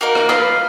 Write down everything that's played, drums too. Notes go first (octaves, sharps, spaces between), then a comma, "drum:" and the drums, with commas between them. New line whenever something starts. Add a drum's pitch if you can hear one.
A#3 D#4 F#4 A#4
drum: rim click
F4 B4 F5, drum: rim click